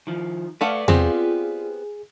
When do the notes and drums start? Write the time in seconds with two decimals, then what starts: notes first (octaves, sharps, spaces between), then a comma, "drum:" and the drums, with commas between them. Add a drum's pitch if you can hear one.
0.07 D#3 F3
0.61 A3 A4 B4 D5 F5 F#5
0.88 B3 C4 F4 G4 G#4, drum: tom E2